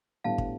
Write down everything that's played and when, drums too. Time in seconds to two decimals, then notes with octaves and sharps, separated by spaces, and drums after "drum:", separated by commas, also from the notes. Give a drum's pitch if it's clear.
0.24 A2 G3 B3 D4 F5 A5
0.38 drum: kick